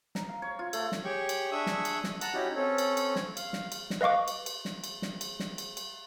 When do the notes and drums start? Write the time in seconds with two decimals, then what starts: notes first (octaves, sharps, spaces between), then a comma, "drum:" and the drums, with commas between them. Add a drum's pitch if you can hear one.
0.15 A#5, drum: snare
0.29 F5
0.42 C#5
0.59 F4
0.73 A3, drum: cymbal
0.92 drum: snare
1.05 G4 G#4 C#5 G5 C#6
1.29 drum: cymbal
1.52 D4 G#4 E5 C#6 D#6 E6
1.66 drum: snare
1.85 drum: cymbal
2.04 drum: snare
2.21 F#5 A5 A#5 F#6, drum: cymbal
2.34 C#4 D#4 E4 F#4 G4
2.55 C4 C#4 A4 C#5
2.78 drum: cymbal
2.97 drum: cymbal
3.16 drum: snare
3.37 F5, drum: cymbal
3.53 drum: snare
3.72 drum: cymbal
3.90 drum: snare
4.01 B4 D#5 F5 C#6 D6
4.28 drum: cymbal
4.46 drum: cymbal
4.65 drum: snare
4.84 drum: cymbal
5.02 drum: snare
5.21 drum: cymbal
5.40 drum: snare
5.58 drum: cymbal
5.77 drum: cymbal